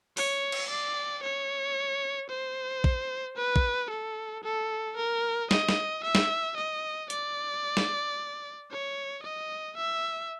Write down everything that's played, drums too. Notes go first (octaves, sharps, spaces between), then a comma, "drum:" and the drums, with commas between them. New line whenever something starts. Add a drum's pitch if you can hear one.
C#5, drum: open hi-hat
drum: cymbal
D5
C#5
C5
drum: kick
B4
drum: kick
A4
A4
A#4
D#5, drum: snare
drum: snare
E5
drum: snare
D#5
D5, drum: hi-hat
drum: snare
C#5
D#5
E5